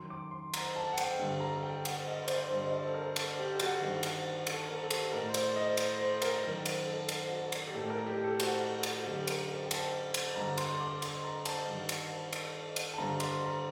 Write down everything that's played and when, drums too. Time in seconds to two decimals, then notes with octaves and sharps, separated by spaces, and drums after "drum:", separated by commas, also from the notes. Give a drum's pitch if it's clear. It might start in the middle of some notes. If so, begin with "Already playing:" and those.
Already playing: F#2 D#3 C6
0.10 D6
0.31 C6
0.54 A#5, drum: cymbal
0.76 A5
0.92 F#5
0.98 G5, drum: cymbal
1.19 G2 D3
1.40 A#5
1.63 G5
1.85 F#5, drum: cymbal
2.07 D#5
2.24 C5
2.28 D5, drum: cymbal
2.49 G2 D3 C5
2.66 D#5
2.72 D5
2.84 A4
2.94 A#4
3.16 A4, drum: cymbal
3.37 G4
3.60 F#4, drum: cymbal
3.81 G2 D#3
4.03 drum: cymbal
4.47 A4, drum: cymbal
4.68 A#4
4.83 A4
4.91 G4, drum: cymbal
5.12 A2 A#4
5.29 C5
5.34 D5, drum: cymbal
5.56 D#5
5.77 C5, drum: cymbal
5.99 C5
6.22 A#4, drum: cymbal
6.43 F#2 D#3 A#4
6.66 A#4, drum: cymbal
6.86 A4
7.09 drum: cymbal
7.30 F#4
7.52 drum: cymbal
7.67 G4
7.75 A2 A4
7.90 A#4
8.07 G4
8.24 A4
8.40 F#4, drum: cymbal
8.83 drum: cymbal
8.98 F#4
9.05 F#2 D3 G4
9.27 A#4, drum: cymbal
9.48 A#4
9.65 G5
9.71 A5, drum: cymbal
10.14 drum: cymbal
10.36 G2 D3 A#5
10.58 C6, drum: cymbal
10.80 D6
11.02 C6, drum: cymbal
11.24 A#5
11.45 A5, drum: cymbal
11.67 G2 D#3
11.89 drum: cymbal
12.33 drum: cymbal
12.76 drum: cymbal
12.94 A5
12.98 G2 D3 A#5
13.20 C6, drum: cymbal
13.42 A#5